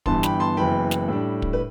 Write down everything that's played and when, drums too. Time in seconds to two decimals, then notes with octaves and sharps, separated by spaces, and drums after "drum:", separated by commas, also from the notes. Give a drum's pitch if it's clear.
0.06 G1 G2 E3 B3 A5 C6, drum: kick
0.23 G5 B5, drum: snare
0.40 A5 C6
0.57 F#1 F#2 E3 B3 G5 B5
0.91 drum: snare
1.08 A2 G3 D4
1.42 drum: kick
1.53 B4